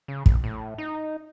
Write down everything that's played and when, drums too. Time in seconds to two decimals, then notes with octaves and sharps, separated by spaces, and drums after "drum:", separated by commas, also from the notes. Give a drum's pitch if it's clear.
0.08 C#3
0.26 A#1, drum: kick
0.44 A2
0.78 D#4